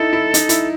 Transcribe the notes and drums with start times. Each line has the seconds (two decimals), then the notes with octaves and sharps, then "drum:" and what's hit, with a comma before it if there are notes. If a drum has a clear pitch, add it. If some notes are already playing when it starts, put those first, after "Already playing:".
Already playing: D#4 E4 A4
0.13 E4
0.34 D#4, drum: hi-hat
0.49 E4, drum: hi-hat